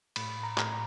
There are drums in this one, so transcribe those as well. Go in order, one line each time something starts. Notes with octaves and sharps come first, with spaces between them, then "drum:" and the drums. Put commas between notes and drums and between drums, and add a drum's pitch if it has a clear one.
A2 B5, drum: cymbal
A#5
A2, drum: clap
A#5